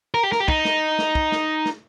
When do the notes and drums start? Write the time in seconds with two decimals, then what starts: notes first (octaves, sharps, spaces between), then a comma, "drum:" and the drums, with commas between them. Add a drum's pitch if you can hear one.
0.14 A#4
0.23 G4
0.32 A#4, drum: snare
0.40 G4
0.48 D#4, drum: kick
0.65 drum: snare
0.99 drum: snare
1.15 drum: kick
1.32 drum: snare
1.65 drum: snare